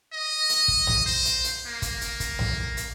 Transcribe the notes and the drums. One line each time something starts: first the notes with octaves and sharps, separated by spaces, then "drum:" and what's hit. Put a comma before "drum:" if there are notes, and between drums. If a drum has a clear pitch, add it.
D#5
drum: hi-hat
drum: kick
drum: tom A#1
C5
drum: hi-hat
drum: hi-hat
A#3
drum: kick, hi-hat
drum: hi-hat
drum: kick, hi-hat
drum: tom A#1
drum: hi-hat